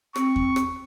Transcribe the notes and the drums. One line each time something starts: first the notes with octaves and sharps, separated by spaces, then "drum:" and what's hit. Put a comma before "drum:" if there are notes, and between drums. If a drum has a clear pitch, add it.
C4 C#6, drum: rim click
drum: kick E2
drum: rim click